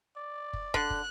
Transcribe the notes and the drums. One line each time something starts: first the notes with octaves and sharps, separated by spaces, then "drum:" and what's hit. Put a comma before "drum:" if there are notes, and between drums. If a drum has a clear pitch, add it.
D5
drum: kick
D3 F#6, drum: kick
drum: kick